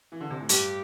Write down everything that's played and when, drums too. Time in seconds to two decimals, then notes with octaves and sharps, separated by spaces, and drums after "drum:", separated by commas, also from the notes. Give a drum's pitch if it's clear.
0.12 E3
0.20 D3
0.30 C3
0.40 A2
0.49 G2 G4, drum: hi-hat